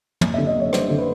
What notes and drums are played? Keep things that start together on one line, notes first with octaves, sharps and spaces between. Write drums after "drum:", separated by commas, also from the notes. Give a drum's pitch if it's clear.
F#1, drum: tom
D3 E5
D#5
F#1 C#5
G3 C5, drum: rim click
D3
B4